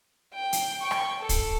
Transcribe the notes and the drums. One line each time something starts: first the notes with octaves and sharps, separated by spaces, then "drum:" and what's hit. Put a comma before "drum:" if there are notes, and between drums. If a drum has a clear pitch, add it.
G5
drum: hi-hat
G5 C#6
drum: rim click
A4
drum: kick, hi-hat